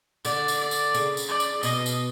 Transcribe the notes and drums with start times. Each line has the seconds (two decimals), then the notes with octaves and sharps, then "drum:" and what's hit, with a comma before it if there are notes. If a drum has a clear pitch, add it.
0.25 D3 D5, drum: tambourine
0.48 drum: tambourine
0.60 D5
0.71 drum: tambourine
0.95 C#3, drum: tambourine
1.17 drum: tambourine
1.28 D5
1.40 drum: tambourine
1.63 B2 D#5, drum: tambourine
1.86 drum: tambourine